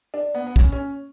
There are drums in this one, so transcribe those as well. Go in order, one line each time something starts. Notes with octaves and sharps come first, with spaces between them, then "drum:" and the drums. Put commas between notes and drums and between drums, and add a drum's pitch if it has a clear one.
D4
B3
B3
C#4, drum: kick
C#4